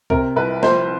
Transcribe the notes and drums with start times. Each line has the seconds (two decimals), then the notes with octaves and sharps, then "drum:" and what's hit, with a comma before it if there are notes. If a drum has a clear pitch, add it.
0.10 C3 A#4, drum: kick C2
0.36 C2 B4
0.63 F3 C5, drum: snare